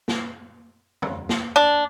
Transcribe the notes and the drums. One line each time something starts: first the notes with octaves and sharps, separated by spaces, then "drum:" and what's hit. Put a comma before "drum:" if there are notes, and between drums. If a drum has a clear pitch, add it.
drum: snare
drum: tom E2
drum: snare
D4